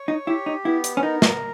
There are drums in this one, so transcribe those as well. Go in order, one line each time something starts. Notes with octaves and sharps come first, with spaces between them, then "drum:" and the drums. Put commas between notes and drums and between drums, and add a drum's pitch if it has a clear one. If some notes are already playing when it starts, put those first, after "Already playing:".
Already playing: C#5
D#4
E4 G4
D#4
B3 E4
drum: hi-hat
C#4
D#4 A#4
drum: snare